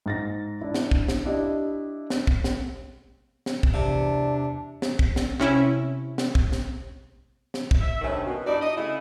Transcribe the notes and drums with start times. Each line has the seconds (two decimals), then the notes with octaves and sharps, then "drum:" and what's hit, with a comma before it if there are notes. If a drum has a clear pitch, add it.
0.06 G#2 A6 A#6
0.61 D4 E4
0.74 drum: snare
0.91 drum: kick
1.08 drum: snare
1.25 D4 E4 G4 D#5
2.10 drum: snare
2.27 drum: kick
2.44 drum: snare
3.46 drum: snare
3.63 drum: kick
3.74 E2 C3 D4
4.82 drum: snare
4.99 drum: kick
5.16 drum: snare
5.39 C3 C#4 E4
6.18 drum: snare
6.35 drum: kick
6.52 drum: snare
7.54 drum: snare
7.71 drum: kick
7.81 E5
8.01 G2 C3 D#3 A3 C#4
8.25 B2
8.45 G2 D#4 E4 D5
8.61 D#5
8.76 C#3 A3 E4